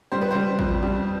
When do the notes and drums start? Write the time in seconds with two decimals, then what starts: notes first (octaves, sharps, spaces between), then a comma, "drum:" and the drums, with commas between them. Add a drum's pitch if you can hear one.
0.12 G3 C5
0.21 B4
0.31 G3 C5
0.59 F2, drum: kick
0.83 G3